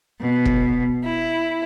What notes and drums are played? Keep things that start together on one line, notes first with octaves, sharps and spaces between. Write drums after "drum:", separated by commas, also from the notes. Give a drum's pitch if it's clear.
B2
drum: kick
E4